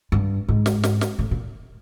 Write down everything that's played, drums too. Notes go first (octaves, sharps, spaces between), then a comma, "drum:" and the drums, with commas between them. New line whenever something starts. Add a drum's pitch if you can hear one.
G2
G#2
drum: snare
drum: snare
drum: snare
A2
A#2